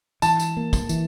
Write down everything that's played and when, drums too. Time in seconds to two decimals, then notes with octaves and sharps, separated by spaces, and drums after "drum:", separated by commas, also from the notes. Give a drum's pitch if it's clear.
0.22 E3 A5, drum: tambourine
0.40 drum: tambourine
0.57 A#3
0.73 drum: kick, tambourine
0.89 E3, drum: tambourine